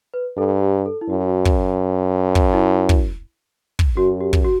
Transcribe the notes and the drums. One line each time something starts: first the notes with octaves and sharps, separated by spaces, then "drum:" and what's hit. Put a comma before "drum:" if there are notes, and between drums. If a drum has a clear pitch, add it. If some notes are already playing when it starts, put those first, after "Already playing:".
B4
G2 A4
G4
A4
E4
F#2 F#4
drum: kick
drum: kick
E4
drum: kick
drum: kick
F#2 F#4
G4
drum: kick
F#4